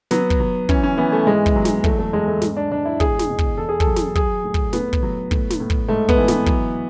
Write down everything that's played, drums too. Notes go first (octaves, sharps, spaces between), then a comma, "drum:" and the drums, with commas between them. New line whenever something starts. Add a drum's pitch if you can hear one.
F#3 B3, drum: snare
drum: kick
F#3
E3 C#4, drum: kick
C#4
E3 B3
A3
G#2 G#3
drum: kick
F#3
drum: snare
E2 A3, drum: kick
A3
E2 G#3
A3
G#2, drum: snare
D4
G#2 D4
E4
E2 G#4, drum: kick
drum: snare
B2
drum: kick
E2 A4
G#4
A4, drum: kick
F#3
drum: snare
F#3 G#4, drum: kick
A2
drum: kick
A2 B3, drum: snare
drum: kick
F#3
A2, drum: kick
drum: snare
A2
drum: kick
G#2 A3
B3, drum: kick
E3
B3, drum: snare
F#3, drum: kick